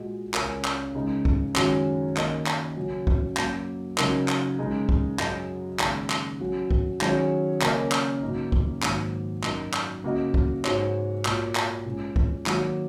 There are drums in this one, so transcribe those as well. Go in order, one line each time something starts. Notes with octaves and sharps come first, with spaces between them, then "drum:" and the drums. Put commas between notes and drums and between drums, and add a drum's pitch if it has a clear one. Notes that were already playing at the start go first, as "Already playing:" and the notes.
Already playing: A#2 G#3 F#4 D#5
C#2 C#3 G#3 C#4 A#4, drum: clap
drum: clap
C#3 G#3 D#4
drum: kick
F#2 D#3 G#3 C#4 F#4, drum: clap
D#3 A#3 C#4 A#4 D#5, drum: clap
drum: clap
C#3 F#3 C#4 F#4
drum: kick
F#2 F#3 A#3, drum: clap
C#3 F#3 D#4 A#4, drum: clap
drum: clap
C#3 G#3 D#4
drum: kick
F#2 F#3 C#4 G#4 D#5, drum: clap
D#2 C#3 G#3, drum: clap
drum: clap
F#3 C#4 F#4
drum: kick
D#3 F#3 C#4 G#4 C#5, drum: clap
C#3 A#3 C#4 A#4 D#5, drum: clap
drum: clap
F#2 C#3 A#3 D#4
drum: kick
G#2 D#3 F#3 A#3, drum: clap
F#2 F#3 D#4 A#4, drum: clap
drum: clap
C#3 A#3 F#4 D#5
drum: kick
G#2 G#3 F#4 C#5, drum: clap
A#2 A#3 F#4 C#5, drum: clap
drum: clap
A#2 G#3 C#4
drum: kick
D#3 F#3 A#3 F#4 C#5, drum: clap